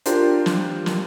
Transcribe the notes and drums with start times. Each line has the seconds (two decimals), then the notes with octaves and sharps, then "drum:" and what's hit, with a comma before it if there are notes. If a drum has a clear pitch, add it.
0.06 D4 F4 G4 A#4 C5, drum: hi-hat
0.46 drum: snare
0.86 drum: snare